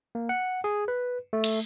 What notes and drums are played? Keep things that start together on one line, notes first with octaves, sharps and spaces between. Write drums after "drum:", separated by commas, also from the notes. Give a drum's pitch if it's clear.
A#3
F#5
G#4
B4
A3
drum: cymbal